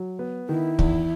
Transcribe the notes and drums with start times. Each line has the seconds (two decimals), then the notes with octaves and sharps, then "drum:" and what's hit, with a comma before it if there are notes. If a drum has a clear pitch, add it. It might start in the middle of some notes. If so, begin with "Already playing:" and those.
Already playing: F#3
0.19 B3
0.49 D#3 E4
0.79 E2, drum: kick